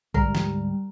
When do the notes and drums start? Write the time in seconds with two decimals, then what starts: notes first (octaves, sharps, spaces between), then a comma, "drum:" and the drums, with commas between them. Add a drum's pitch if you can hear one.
0.14 D2 G#2 G3 A#4, drum: kick A#1
0.35 drum: snare